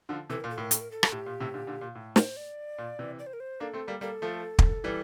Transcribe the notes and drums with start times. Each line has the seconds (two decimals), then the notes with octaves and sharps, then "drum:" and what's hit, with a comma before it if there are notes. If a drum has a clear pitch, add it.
0.09 D3 F3
0.30 C3 E3 A4
0.40 A#2 A#4
0.51 A4
0.58 A2 A#4
0.71 A4, drum: hi-hat
0.81 A#4
0.91 A4
1.03 drum: rim click
1.12 A2 G4
1.26 A#2
1.40 A2 C3
1.54 A#2 D3
1.67 A#2 D3
1.81 A#2
1.95 A2
2.16 C5, drum: snare
2.37 D5
2.78 A#2
2.99 C3 E3
3.19 D5
3.26 C5
3.33 A#4
3.40 C5
3.60 A#3 D4 A4
3.73 A3 C4
3.87 G3 A#3
4.01 G3 A#3 A4
4.22 F3 A3
4.59 drum: kick
4.84 E3 G3